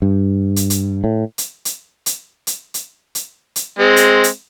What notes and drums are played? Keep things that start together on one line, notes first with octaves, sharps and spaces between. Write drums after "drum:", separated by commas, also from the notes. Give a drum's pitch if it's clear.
G2
drum: hi-hat
drum: hi-hat
A2
drum: hi-hat
drum: hi-hat
drum: hi-hat
drum: hi-hat
drum: hi-hat
drum: hi-hat
drum: hi-hat
G#3 C4
drum: hi-hat
drum: hi-hat